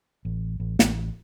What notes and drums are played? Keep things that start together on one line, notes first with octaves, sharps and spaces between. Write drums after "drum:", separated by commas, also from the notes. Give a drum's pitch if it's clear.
A1
A1
A1, drum: snare